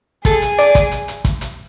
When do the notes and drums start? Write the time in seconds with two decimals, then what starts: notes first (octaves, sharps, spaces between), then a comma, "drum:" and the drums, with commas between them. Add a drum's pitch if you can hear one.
0.25 G#4 A4, drum: kick, hi-hat
0.42 drum: hi-hat
0.58 D5, drum: hi-hat
0.75 drum: kick, hi-hat
0.92 drum: hi-hat
1.08 drum: hi-hat
1.25 drum: kick, hi-hat
1.41 drum: hi-hat